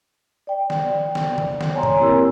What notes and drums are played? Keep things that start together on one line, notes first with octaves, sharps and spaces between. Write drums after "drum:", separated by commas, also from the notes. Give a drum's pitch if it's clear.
D5 G5
drum: snare
drum: snare
drum: tom
drum: snare
C#5 G#5 A#5 C6
drum: tom
A#3 C4 E4 G4 A#4 E6